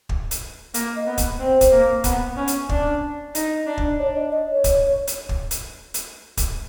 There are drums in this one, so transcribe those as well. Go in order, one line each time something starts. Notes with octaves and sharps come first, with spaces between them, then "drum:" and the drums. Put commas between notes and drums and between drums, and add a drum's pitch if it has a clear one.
drum: kick
drum: hi-hat
A#3, drum: hi-hat
D#5
B3
drum: kick, hi-hat
C4 C5
drum: kick, hi-hat
A#3
B3, drum: kick, hi-hat
C#4
drum: hi-hat
D4, drum: kick
D#4, drum: hi-hat
D4
drum: kick
D4 C#5
D#5
D#5
C#5
drum: kick, hi-hat
drum: hi-hat
drum: kick
drum: hi-hat
drum: hi-hat
drum: kick, hi-hat